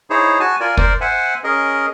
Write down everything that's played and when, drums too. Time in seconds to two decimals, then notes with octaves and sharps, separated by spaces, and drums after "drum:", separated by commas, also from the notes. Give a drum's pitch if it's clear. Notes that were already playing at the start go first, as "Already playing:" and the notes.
0.10 D#4 E4 G#4 C5 C#5
0.40 F#4 G#5 A5
0.60 F4 A#4 D5 G#5
0.77 A#4 C5 D5, drum: kick
1.01 C5 E5 F#5 G#5
1.44 C#4 G#4 A#4 D#5